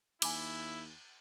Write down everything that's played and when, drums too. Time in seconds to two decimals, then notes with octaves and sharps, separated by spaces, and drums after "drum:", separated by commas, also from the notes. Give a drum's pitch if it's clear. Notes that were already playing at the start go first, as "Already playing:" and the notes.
0.22 D#2 E4 G#5 B5 D6, drum: cymbal